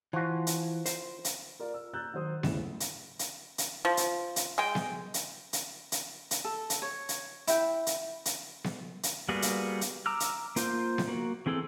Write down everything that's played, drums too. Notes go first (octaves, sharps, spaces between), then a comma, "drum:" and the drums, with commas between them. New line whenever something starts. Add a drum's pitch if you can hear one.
E3 F3 F#4
drum: hi-hat
C5, drum: hi-hat
drum: hi-hat
F4 A#4 D5
E6
A#5 E6 F#6 G6 A6
D#3 F#3 C5 D#6
G1 D2 C#3 E4 E7, drum: snare B3
drum: hi-hat
drum: hi-hat
drum: hi-hat
F3
drum: hi-hat
drum: hi-hat
G#3 G5
drum: snare B3
drum: hi-hat
drum: hi-hat
drum: hi-hat
drum: hi-hat
A4
drum: hi-hat
C#5
drum: hi-hat
E4 G5, drum: hi-hat
drum: hi-hat
drum: hi-hat
drum: snare B3
drum: hi-hat
G3 A#3 B3 F#4 G#4
drum: hi-hat
drum: hi-hat
A#5 D6 E6 F6
drum: hi-hat
A#3 F4 C5, drum: hi-hat
drum: snare B3
A#3 F#4
E3 C4 G#4 A4